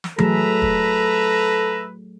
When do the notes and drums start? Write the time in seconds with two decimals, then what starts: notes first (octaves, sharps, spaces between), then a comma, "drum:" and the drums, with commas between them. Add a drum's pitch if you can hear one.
0.04 drum: snare
0.19 F#3 A3 G#4 A4 B4 E5 A#5, drum: tom E3
0.62 drum: kick